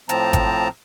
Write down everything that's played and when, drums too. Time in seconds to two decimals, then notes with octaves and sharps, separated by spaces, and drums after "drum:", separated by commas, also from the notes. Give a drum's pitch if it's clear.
0.09 A2 F3 C4 A5 A#5, drum: hi-hat
0.33 drum: kick G#1, hi-hat